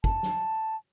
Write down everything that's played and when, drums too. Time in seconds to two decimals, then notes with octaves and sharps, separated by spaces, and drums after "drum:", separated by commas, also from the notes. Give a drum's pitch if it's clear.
0.04 A5, drum: kick G1
0.23 drum: snare